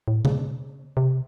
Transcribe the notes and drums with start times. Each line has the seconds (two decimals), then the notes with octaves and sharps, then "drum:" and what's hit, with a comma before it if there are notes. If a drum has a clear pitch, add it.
0.08 A2
0.25 C#3, drum: tom B2
0.97 C3